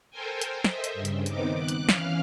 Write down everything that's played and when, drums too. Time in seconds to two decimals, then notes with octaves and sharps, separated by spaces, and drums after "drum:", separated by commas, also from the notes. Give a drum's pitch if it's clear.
0.10 A4 A#4 C5 G5 G#5
0.41 drum: hi-hat
0.64 C5 D#5 E5, drum: snare
0.84 drum: hi-hat
0.94 G2 C#3
1.05 drum: hi-hat
1.26 D#3 B3 C4 D#4 D6, drum: hi-hat
1.56 D6 F#6
1.68 drum: hi-hat
1.89 E3 C#4 F5 F6, drum: snare